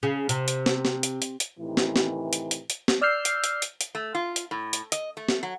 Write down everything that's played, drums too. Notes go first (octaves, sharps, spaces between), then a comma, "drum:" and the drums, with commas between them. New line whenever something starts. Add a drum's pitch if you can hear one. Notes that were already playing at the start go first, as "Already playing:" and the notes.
C#3
C3, drum: hi-hat
drum: hi-hat
drum: snare
drum: snare
drum: hi-hat
drum: hi-hat
drum: hi-hat
A2 C3 D#3 E3
drum: snare
drum: snare
drum: hi-hat
drum: hi-hat
drum: hi-hat
drum: snare
D5 E6 F6 G6 C7
drum: hi-hat
drum: hi-hat
drum: hi-hat
drum: hi-hat
A3
F4
drum: hi-hat
A2
drum: hi-hat
D#5, drum: hi-hat
A3
drum: snare
F#3